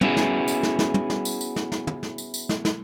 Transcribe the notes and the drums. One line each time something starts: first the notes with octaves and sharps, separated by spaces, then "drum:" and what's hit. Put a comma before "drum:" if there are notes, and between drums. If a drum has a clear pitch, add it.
B3 C#4 E4 F#4 G#4, drum: tom
drum: snare
drum: tambourine
drum: snare
drum: snare
drum: tom
drum: snare
drum: tambourine
drum: tambourine
drum: snare
drum: snare
drum: tom
drum: snare
drum: tambourine
drum: tambourine
drum: snare
drum: snare